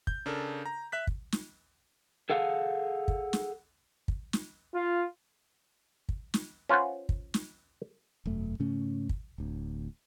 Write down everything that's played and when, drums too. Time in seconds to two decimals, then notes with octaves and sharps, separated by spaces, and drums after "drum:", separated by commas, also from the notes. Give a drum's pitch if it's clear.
0.07 G6, drum: kick
0.26 C#3 D4 A4 A#4
0.66 A#5
0.92 E5 F#6 B6
1.07 drum: kick
1.32 drum: snare
2.30 G#4 A4 F5 F#5
3.08 drum: kick
3.33 drum: snare
4.08 drum: kick
4.33 drum: snare
4.74 F4
6.09 drum: kick
6.34 drum: snare
6.69 C#4 F4 B4 C5 F#5
7.09 drum: kick
7.34 drum: snare
8.25 E1 F#2 A3
8.59 G#2 C#3 A3 C#4
9.09 drum: kick
9.38 D1 D2